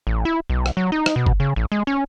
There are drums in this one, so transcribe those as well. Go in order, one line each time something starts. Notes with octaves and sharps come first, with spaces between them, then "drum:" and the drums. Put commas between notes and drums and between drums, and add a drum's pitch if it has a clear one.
A1
E4
B1
drum: rim click
F#3
D#4
drum: rim click
B2
drum: kick G1
C#3
A1
G#3
C#4